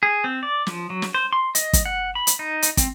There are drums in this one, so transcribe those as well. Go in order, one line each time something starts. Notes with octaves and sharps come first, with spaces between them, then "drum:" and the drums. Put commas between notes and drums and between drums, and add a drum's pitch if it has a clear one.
G#4
C4
D5
F3, drum: snare
F#3
drum: snare
C5
C6
D#5, drum: hi-hat
drum: kick, hi-hat
F#5
B5
drum: hi-hat
D#4
drum: hi-hat
C4, drum: kick, hi-hat